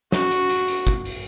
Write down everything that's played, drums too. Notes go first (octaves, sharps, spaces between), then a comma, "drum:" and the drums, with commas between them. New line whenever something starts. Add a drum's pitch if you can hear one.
F#4, drum: snare
drum: hi-hat
drum: hi-hat
drum: hi-hat
drum: kick, hi-hat
drum: open hi-hat